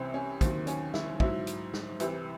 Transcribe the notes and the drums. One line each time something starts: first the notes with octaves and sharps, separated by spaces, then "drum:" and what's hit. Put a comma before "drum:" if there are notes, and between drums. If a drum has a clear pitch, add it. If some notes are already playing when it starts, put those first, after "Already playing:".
Already playing: C2 C3 E3 C4 C#4
C#4
D#2 D#3 F#3 C4, drum: kick, hi-hat
C#4, drum: hi-hat
E4, drum: snare
G#2 F#3 E4, drum: kick
drum: hi-hat
drum: snare
C2 C3 E3, drum: hi-hat